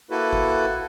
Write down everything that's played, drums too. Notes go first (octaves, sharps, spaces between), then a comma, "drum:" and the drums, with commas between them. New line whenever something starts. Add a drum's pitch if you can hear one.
A#3 E4 F#4 A4 B4
drum: kick F#1